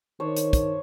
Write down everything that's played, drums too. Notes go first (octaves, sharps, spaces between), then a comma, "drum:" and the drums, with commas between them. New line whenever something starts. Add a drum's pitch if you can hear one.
D#3 D4 C5 C#5
drum: hi-hat
drum: kick, hi-hat